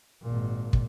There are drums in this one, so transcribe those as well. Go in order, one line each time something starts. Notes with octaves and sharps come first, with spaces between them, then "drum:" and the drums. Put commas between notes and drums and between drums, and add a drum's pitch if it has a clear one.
G#1 A#2
drum: kick